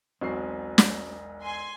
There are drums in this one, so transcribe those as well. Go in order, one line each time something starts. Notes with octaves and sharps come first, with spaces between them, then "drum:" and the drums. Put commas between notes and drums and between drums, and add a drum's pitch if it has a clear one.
E1 B1 C4 F#4 C7
drum: snare
G#5 C6